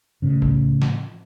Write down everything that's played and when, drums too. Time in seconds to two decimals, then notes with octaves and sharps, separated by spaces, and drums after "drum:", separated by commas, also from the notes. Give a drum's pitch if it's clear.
0.22 A2 C#3
0.42 drum: kick C2
0.82 drum: snare